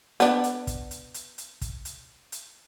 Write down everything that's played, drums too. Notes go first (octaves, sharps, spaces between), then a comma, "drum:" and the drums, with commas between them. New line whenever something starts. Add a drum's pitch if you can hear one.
B3 D4, drum: hi-hat
drum: hi-hat
drum: kick, hi-hat
drum: hi-hat
drum: hi-hat
drum: hi-hat
drum: kick, hi-hat
drum: hi-hat
drum: hi-hat